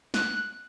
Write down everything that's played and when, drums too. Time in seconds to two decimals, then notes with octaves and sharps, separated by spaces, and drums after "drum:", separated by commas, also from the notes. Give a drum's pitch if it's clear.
0.14 F#6, drum: snare